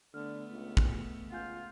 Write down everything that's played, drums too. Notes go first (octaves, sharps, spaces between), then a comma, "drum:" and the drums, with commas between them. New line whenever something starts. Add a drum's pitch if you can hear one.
D3 A3 B3 F6
C#2
drum: kick
C#2 F4 F#5 G#5 G6